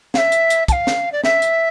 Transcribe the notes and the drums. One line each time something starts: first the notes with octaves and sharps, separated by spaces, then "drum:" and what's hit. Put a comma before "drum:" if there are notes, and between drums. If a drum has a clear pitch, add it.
F5, drum: snare
E5
drum: hi-hat
drum: hi-hat
A5, drum: kick, hi-hat
F5
drum: snare
D5
E5, drum: snare
drum: hi-hat